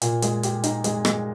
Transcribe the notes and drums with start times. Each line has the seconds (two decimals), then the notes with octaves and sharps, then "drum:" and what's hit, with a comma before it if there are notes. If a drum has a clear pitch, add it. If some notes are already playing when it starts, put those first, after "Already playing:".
0.02 A#2, drum: hi-hat
0.22 G#3, drum: hi-hat
0.43 G4, drum: hi-hat
0.64 D#4, drum: hi-hat
0.84 G#3, drum: hi-hat
1.05 G#3, drum: rim click